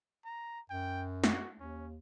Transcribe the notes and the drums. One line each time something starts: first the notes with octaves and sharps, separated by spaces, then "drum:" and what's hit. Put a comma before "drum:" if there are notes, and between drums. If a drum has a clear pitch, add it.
A#5
F#2 G5
F#4, drum: snare
D#2 C#4